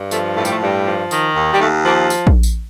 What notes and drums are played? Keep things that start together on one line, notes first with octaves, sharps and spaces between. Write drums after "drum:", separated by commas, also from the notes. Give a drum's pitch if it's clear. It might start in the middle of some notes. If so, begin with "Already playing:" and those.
Already playing: G2
F3 A3, drum: tambourine
A2 A3
G3, drum: tambourine
A3
G2 G3
F3
D#3, drum: tambourine
D#2
G3
D#2 A3
F3 A#3
drum: tambourine
drum: kick
drum: tambourine